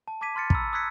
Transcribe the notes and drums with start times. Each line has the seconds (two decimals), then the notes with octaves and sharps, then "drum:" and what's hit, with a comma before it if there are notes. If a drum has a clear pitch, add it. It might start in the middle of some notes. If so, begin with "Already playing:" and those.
0.08 A5
0.21 A5 D6 G#6 B6 D#7
0.35 B5 C6 F6 A6 C#7
0.50 A#5 B5 E6, drum: kick
0.73 D#6 E6 F#6 G#6 B6 C#7